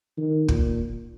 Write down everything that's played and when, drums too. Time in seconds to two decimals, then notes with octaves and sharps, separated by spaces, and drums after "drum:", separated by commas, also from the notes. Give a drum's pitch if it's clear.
0.18 D#3
0.48 A#2, drum: kick